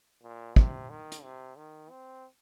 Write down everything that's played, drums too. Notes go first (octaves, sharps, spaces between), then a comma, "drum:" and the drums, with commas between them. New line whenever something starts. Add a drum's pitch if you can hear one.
A#2
C3, drum: kick
D#3
drum: hi-hat
C3
D#3
C4